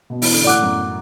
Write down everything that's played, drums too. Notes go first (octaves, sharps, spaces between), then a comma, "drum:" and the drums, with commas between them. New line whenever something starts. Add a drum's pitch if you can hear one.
B2
E3, drum: open hi-hat
D3
A2 D5 F#5 D6 F#6
F#2